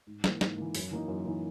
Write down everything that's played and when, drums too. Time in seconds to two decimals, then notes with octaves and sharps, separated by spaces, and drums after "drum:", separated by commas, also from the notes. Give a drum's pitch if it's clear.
0.07 G#2
0.24 E3 A#3, drum: snare
0.41 G#2, drum: snare
0.58 E3 A#3
0.75 F#2, drum: open hi-hat
0.91 E3 A#3 D#4
1.08 F#2
1.25 E3 A#3 D#4